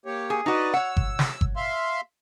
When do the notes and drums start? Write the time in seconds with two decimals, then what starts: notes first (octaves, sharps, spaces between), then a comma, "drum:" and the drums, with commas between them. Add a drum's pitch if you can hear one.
0.05 A#3 G4 C#5
0.30 G#4
0.46 D#4 F#4 B4 D5 D#5
0.74 C#5 F#5 E6
0.97 drum: kick G1
1.19 drum: snare
1.41 drum: kick G1
1.56 E5 F5 C6